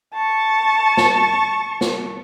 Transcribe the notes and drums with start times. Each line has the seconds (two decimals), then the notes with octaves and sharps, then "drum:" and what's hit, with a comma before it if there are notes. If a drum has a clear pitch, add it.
0.14 A5 C#6
0.97 drum: snare
1.81 drum: snare